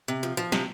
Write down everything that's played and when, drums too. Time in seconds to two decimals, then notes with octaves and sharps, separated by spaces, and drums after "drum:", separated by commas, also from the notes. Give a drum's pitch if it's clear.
0.08 C3
0.23 F3
0.37 F3
0.52 C3, drum: snare